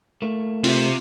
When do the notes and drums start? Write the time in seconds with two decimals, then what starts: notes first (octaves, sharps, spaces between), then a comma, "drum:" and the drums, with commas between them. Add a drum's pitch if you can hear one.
0.22 A3 A#3 E4
0.64 C3 C4 F4 E5 C#6, drum: open hi-hat